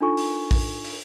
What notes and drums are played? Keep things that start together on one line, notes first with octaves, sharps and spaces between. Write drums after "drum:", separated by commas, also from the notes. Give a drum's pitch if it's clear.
D4 D#4 F4 A4 G#5 C#6
drum: open hi-hat
drum: kick A#1, open hi-hat
drum: open hi-hat